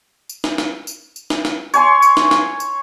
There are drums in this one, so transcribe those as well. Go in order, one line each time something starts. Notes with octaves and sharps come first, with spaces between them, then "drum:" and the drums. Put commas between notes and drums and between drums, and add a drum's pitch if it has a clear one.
drum: tambourine
drum: snare
drum: snare
drum: tambourine
drum: tambourine
drum: snare
drum: snare
C#5 G#5 C6, drum: tambourine
drum: tambourine
drum: snare
drum: snare
drum: tambourine